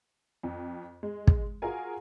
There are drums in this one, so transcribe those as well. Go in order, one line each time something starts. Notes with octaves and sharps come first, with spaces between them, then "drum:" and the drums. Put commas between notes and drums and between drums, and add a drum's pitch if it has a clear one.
F2
G#3
drum: kick
F4 F#4 G#4 A#4 G#5